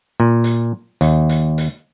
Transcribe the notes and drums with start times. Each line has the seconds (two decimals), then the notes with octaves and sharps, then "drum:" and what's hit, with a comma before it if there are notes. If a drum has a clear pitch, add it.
0.20 A#2
0.44 drum: hi-hat
1.01 D#2, drum: hi-hat
1.29 drum: hi-hat
1.58 drum: hi-hat